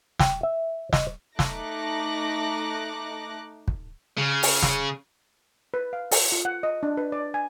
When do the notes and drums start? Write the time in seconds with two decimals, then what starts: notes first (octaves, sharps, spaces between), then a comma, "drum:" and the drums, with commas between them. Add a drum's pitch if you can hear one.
0.20 G5, drum: snare
0.43 E5
0.93 D#5, drum: snare
1.39 A3 D#4 D6 F#6 A#6, drum: snare
3.68 drum: kick
4.18 C#3
4.43 drum: open hi-hat
4.63 drum: snare
5.74 B4
5.93 F5
6.11 A4, drum: open hi-hat
6.32 F4
6.45 F#5
6.63 D#5
6.83 D4
6.97 B4
7.12 D5
7.34 G#5